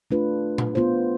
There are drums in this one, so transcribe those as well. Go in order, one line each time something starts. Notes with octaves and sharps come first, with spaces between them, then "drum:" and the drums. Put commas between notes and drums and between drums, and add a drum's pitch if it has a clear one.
A3 D4 F4 B4
drum: tom A#2
B3 F4 C5